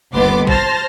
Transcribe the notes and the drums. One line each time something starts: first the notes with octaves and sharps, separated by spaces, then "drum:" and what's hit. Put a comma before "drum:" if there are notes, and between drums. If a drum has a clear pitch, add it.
G1 D#2 B3 C6 D6
C5 A5 C6 F6 A#6, drum: kick